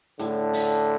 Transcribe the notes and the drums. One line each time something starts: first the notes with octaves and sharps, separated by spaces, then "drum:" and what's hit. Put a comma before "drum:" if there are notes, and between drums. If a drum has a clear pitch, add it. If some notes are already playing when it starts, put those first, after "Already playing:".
A2 D3, drum: hi-hat
A4, drum: open hi-hat